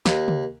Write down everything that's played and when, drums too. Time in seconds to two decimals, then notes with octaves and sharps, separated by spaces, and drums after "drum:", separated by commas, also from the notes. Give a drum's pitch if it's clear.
0.06 D#2, drum: snare
0.28 drum: tom